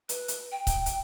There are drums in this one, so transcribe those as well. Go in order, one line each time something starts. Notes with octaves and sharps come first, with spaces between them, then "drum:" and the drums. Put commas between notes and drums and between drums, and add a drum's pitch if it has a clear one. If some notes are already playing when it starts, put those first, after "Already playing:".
B4, drum: hi-hat
drum: hi-hat
G5
drum: kick C#1, hi-hat
drum: hi-hat